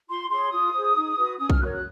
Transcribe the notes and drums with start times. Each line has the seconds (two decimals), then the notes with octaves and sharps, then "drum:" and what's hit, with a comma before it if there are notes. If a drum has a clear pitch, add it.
0.08 F4 C6
0.30 G#4 C#5 C6
0.51 F4 D#6
0.74 G#4 C5
0.95 D#4
1.17 F#4 B4
1.39 C#4 D#6
1.50 F6, drum: kick B1
1.61 F#4 A#4 C#5 F#6
1.72 F#6